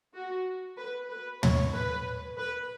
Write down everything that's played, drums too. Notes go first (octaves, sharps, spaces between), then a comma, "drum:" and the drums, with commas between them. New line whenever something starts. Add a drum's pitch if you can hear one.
F#4
B4
B4
C#5, drum: tom
B4
B4